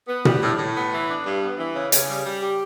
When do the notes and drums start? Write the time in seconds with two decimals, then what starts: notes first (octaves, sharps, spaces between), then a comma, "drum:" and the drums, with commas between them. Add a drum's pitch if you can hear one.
0.08 B3
0.25 G3, drum: tom A#2
0.42 A2
0.58 A2
0.75 B3
0.92 E3
1.08 D4
1.26 G2
1.41 B3
1.58 E3
1.75 C#3
1.92 C#3, drum: hi-hat
2.09 G3
2.26 G3
2.42 G4